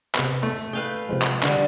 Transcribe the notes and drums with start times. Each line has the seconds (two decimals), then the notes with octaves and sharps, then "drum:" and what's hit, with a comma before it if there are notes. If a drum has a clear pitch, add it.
0.15 C3 B3, drum: clap
0.43 A3
0.73 G#4 B4 F5 G5
1.09 C3 F3 G#3
1.22 drum: clap
1.43 D3 G3, drum: clap